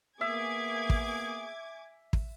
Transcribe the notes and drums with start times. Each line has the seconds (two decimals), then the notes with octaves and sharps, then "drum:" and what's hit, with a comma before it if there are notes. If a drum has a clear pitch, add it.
0.21 A#3 B3 G#4 E5 G#5 D6 G#6
0.90 drum: kick
2.13 drum: kick